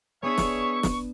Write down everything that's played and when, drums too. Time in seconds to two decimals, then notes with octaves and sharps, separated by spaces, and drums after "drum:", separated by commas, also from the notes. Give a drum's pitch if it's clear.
0.23 B3 D4 G#4 C#5 E5 C#6
0.38 drum: snare
0.83 drum: snare